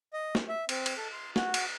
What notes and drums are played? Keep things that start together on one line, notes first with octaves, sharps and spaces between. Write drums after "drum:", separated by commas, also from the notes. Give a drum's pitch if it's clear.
D#5
drum: snare
E5
C4, drum: cymbal
drum: cymbal
A4
C6
F#4, drum: snare
drum: cymbal